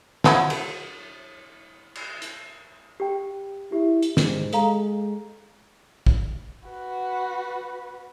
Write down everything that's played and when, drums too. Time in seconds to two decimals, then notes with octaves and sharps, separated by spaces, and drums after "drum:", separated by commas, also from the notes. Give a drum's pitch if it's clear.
0.24 F3 F#3 E4, drum: snare
0.50 drum: cymbal
1.96 drum: cymbal
2.22 drum: hi-hat
3.00 G4 G5
3.72 E4 G4
4.03 drum: hi-hat
4.17 G#2, drum: snare
4.53 G#3 A4 F5 A#5, drum: hi-hat
6.07 drum: kick
6.69 F#4 B4